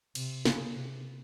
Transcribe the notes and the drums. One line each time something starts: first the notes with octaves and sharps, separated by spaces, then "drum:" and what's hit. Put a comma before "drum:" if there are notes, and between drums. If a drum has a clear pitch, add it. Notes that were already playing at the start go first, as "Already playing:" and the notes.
C3, drum: cymbal
C#3, drum: snare
C3